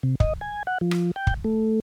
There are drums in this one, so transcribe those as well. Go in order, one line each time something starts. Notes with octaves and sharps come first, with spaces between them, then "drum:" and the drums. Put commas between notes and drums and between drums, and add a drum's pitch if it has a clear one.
C3
D#5, drum: kick
G#5
F#5
F3
drum: rim click
G5
drum: kick
A3